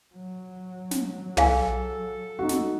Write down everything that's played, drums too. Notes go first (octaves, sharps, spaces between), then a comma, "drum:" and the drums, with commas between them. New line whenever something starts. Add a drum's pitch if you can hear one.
F#3
drum: snare
G#4 A4 F5 G#5, drum: tom
D#4 F#4
drum: snare